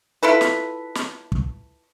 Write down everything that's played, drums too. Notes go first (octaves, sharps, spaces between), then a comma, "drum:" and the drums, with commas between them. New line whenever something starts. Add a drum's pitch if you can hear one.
E4 F4 A4 B4
drum: snare
drum: snare
drum: kick